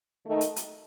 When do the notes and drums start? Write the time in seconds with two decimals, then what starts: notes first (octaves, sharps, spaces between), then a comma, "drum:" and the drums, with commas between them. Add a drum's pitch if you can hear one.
0.25 D#3 A3 D#4
0.41 drum: hi-hat
0.56 drum: hi-hat